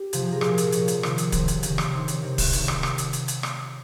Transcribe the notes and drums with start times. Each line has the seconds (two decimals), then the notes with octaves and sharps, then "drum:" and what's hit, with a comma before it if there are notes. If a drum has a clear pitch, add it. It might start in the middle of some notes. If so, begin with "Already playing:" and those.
Already playing: G4
0.13 C3 F3, drum: hi-hat
0.23 G#4
0.33 A#4
0.41 A#2 F3 G#4, drum: rim click
0.58 A#4, drum: hi-hat
0.72 A#2 F3 C#5, drum: hi-hat
0.88 drum: hi-hat
1.03 C3 D#3, drum: rim click
1.18 drum: hi-hat
1.32 C3 D#3 C5, drum: kick, hi-hat
1.48 drum: hi-hat
1.63 C3 D#3, drum: hi-hat
1.78 drum: rim click
1.93 C3 D#3 C5
2.08 C#5, drum: hi-hat
2.22 C3 D#3
2.38 drum: kick, open hi-hat
2.53 C3 D#3 C#5, drum: hi-hat
2.68 drum: rim click
2.83 drum: rim click
2.98 drum: hi-hat
3.13 drum: hi-hat
3.28 drum: hi-hat
3.43 drum: rim click